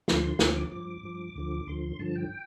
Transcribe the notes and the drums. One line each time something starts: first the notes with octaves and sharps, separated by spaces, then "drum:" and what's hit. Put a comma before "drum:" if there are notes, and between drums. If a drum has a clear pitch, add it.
D2 D3 F3 C6, drum: snare
C6
D2 D3 F3 F6, drum: snare
D6
G2 F3 D6
G2 F3
D2 D3 F3
D2 D3 F3 C6
G2 D3 F3 A5
G5